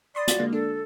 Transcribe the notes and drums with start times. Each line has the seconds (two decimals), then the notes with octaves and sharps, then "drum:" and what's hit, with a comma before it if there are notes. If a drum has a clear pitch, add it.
0.15 D5 B5 C6 D#6
0.28 F4 F#4, drum: hi-hat
0.40 D3 G#3 A#3
0.53 D4 A4